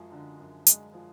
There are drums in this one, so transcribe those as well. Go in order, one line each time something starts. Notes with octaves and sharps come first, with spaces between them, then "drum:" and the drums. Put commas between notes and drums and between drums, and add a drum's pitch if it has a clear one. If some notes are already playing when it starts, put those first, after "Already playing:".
Already playing: F#2 F3 G#3
D3
F#2
G#3, drum: hi-hat
F3